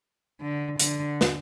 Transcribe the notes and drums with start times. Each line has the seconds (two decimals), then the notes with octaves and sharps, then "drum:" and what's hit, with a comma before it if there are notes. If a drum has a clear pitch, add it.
0.41 D3
0.80 D3, drum: hi-hat
1.21 drum: snare